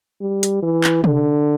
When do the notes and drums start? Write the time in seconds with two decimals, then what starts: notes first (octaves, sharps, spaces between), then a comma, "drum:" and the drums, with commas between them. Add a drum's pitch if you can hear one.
0.21 G3
0.43 drum: hi-hat
0.63 E3
0.84 drum: clap
1.04 D3, drum: tom C3